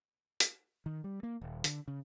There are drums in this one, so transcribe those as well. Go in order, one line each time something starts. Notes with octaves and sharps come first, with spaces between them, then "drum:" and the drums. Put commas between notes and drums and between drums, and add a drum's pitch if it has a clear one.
drum: hi-hat
D#3
G3
A#3
D#1
D3, drum: hi-hat
C#3